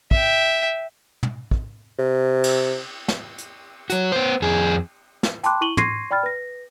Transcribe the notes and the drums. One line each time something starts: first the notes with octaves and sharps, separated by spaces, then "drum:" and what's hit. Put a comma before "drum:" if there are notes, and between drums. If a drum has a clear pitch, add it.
E5 G5, drum: kick
drum: tom
drum: kick
C3
drum: cymbal
drum: snare
drum: hi-hat
F#3 F#4, drum: hi-hat
B3 C5
F2 G#4
drum: snare
G5 A5 B5 C6 D6 F#6, drum: hi-hat
E4 C#6 D#7 F#7 G7
C6 C#6 G#6 A#6 C7 D#7, drum: tom
D5 G5 B5 F6 A6
B4 A#6